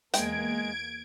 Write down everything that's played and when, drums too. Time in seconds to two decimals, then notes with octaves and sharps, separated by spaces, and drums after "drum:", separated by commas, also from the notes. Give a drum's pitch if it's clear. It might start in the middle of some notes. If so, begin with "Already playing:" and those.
0.14 E2 G#3 A#3 G5 G#6 D7, drum: hi-hat